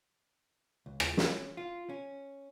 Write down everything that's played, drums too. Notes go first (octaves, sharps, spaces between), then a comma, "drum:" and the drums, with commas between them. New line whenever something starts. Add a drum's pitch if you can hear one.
C#2
drum: rim click
C#4, drum: snare
F4
C#4